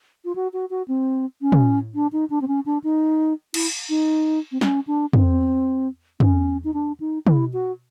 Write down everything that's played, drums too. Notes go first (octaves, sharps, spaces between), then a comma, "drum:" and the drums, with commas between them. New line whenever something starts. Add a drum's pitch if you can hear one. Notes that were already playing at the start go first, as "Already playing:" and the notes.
F4
F#4
F#4
F#4
C4
C#4
drum: tom
D4
D#4
D4
C4
C#4
D4
D#4
E4, drum: cymbal
D#4
C4
C#4, drum: snare
D4
C4, drum: tom
C#4, drum: tom
D#4
D4
D#4
E4, drum: tom
F#4